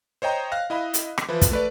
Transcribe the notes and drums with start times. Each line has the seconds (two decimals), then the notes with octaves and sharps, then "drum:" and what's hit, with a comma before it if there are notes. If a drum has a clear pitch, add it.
0.22 C5 C#5 D#5 G5 A#5
0.52 F5 F6 F#6 A#6
0.70 E4 D#5 F5 B5
0.94 drum: hi-hat
1.18 drum: rim click
1.28 E3 F3 E4 B4
1.41 drum: kick, hi-hat
1.51 A3 B4 D5